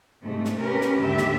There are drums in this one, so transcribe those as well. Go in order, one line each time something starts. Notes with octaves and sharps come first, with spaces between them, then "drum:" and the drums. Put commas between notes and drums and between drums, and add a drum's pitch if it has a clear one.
G#2 C3 A3
drum: snare
C#4 G4 A#4 B4
drum: snare
D#2 G#2 D3 G4 E5
drum: snare